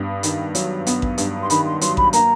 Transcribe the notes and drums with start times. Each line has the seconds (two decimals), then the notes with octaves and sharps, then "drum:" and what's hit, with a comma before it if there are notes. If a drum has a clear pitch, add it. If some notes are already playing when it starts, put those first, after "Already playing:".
Already playing: G2 B3
0.23 D#3, drum: hi-hat
0.55 F#3, drum: hi-hat
0.87 B3, drum: hi-hat
1.02 drum: kick A1
1.18 G2, drum: hi-hat
1.42 C6
1.50 D#3 B5, drum: hi-hat
1.66 C6
1.81 F#3 C6, drum: hi-hat
1.97 B5, drum: kick A1
2.13 A#3 A#5, drum: hi-hat